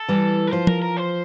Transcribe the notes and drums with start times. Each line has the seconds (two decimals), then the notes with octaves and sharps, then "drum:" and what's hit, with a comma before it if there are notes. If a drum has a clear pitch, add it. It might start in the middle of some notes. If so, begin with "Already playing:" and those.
Already playing: A4
0.08 E3 G3
0.47 A#4
0.53 F3 C5
0.67 A#4, drum: tom F3
0.82 A#4
0.97 C5